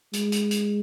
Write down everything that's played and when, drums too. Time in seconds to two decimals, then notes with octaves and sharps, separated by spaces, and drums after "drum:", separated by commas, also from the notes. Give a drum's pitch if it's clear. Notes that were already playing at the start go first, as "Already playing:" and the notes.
0.13 G#3, drum: hi-hat
0.32 drum: hi-hat
0.51 drum: hi-hat